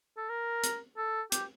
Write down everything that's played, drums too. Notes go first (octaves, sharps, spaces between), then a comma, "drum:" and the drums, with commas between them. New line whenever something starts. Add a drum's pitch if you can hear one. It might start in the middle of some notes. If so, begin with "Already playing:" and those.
A4
A#4
drum: hi-hat
A4
G4, drum: hi-hat